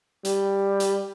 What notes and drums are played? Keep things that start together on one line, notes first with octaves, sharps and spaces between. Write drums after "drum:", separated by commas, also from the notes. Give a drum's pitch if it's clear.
G3, drum: hi-hat
drum: hi-hat